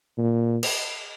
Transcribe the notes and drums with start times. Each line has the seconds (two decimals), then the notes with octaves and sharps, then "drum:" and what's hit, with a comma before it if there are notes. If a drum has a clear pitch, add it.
0.18 A#2
0.63 drum: cymbal